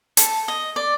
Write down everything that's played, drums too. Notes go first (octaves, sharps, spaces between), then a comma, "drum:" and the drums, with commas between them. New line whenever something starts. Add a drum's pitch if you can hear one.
A4, drum: hi-hat
D#5
D5